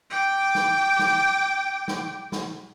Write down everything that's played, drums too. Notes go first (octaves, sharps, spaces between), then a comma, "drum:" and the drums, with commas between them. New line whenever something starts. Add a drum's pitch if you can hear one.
G5 D6
drum: snare
drum: snare
drum: snare
drum: snare